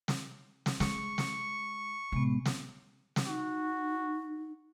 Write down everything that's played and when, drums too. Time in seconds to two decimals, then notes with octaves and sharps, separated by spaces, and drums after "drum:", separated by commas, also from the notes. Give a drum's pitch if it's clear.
0.08 drum: snare
0.66 drum: snare
0.80 G#3 C#6, drum: snare
1.18 drum: snare
2.12 A1 C3 G#3 B3
2.45 drum: snare
3.16 drum: snare
3.27 D#4 F#4